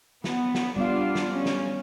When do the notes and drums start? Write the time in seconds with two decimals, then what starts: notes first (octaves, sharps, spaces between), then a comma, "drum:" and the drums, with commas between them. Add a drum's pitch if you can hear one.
0.24 B3, drum: snare
0.54 drum: snare
0.76 G3 B3 D4 F4 F5
1.15 drum: snare
1.31 C#4
1.46 drum: snare